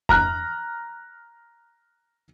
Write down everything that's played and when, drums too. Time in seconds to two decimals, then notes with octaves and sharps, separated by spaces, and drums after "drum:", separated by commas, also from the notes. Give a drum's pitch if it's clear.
0.09 A#5 F6 F#6, drum: kick F2